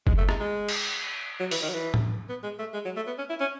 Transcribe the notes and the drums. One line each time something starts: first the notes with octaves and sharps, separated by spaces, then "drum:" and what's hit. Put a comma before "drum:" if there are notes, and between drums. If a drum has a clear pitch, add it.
G#3, drum: kick F#1
A3
G#3, drum: rim click
G#3
drum: cymbal
F#3
E3, drum: open hi-hat
D#3
F#3
E3
drum: tom
B3
G#3
A3
G#3
F#3
A3
B3
C#4
E4
C#4